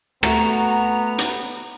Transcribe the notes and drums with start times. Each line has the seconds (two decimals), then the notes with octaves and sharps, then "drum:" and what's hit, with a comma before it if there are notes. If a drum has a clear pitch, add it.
0.23 A3 B3 F#4 A#5, drum: rim click
1.18 drum: hi-hat